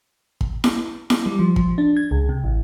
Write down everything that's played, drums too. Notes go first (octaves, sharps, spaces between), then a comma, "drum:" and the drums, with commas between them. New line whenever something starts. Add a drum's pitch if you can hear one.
drum: kick
drum: snare E4
drum: snare E4
G3
F3
F3, drum: kick
D4
G#6
C#2
C3
A1